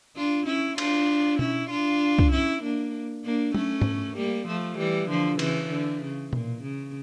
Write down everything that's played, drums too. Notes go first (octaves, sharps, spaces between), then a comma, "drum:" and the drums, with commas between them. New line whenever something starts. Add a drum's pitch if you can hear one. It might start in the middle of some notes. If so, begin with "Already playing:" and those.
D4 F4
C#4 E4
D4 F4, drum: cymbal
C#4 E4, drum: tom B2
D4 F4
drum: kick C2
C#4 E4
A#3 D4
A#3 D4
A3 C#4, drum: tom F#3
drum: tom G#2
G3 A#3
F3 A3
E3 G3
D3 F3
C#3 E3, drum: cymbal
D3
C#3
A#2, drum: tom B2
C#3